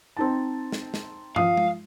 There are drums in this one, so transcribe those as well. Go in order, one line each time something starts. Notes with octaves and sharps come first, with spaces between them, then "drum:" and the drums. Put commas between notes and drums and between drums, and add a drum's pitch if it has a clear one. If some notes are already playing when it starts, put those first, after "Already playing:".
C4 D#4 A5
drum: snare
drum: snare
F3 F5 D#6, drum: tom
drum: tom G#3